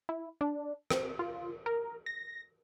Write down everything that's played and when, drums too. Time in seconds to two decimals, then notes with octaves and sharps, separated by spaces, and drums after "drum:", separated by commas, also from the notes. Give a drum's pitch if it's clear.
0.09 E4
0.41 D4
0.91 C4, drum: rim click
1.19 F4
1.66 A#4
2.06 A#6